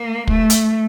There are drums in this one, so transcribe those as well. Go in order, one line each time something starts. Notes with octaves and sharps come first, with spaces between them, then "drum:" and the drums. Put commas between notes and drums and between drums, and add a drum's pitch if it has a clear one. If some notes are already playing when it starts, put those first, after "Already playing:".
Already playing: A#3
A3, drum: kick
drum: hi-hat